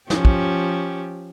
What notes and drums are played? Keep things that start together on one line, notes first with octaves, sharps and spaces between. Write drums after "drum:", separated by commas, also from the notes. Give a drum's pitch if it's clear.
F3 C#4 G4, drum: snare
drum: kick